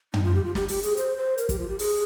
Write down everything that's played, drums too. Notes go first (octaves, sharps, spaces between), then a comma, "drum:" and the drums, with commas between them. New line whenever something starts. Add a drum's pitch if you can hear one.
D#4, drum: tom
F4
G4
F4
G4, drum: snare
G4, drum: open hi-hat
G#4, drum: hi-hat
C5, drum: hi-hat
C5
A#4, drum: hi-hat
G4, drum: kick, hi-hat
F4
G4
G#4, drum: open hi-hat